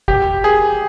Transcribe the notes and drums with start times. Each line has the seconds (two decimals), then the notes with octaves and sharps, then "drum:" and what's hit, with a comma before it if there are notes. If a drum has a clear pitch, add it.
0.08 G4, drum: kick G1
0.44 G#4